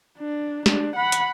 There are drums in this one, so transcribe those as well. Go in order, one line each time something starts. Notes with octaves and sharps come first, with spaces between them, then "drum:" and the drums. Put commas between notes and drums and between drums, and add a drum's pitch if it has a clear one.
D4
D4, drum: snare
F#5 B5
drum: hi-hat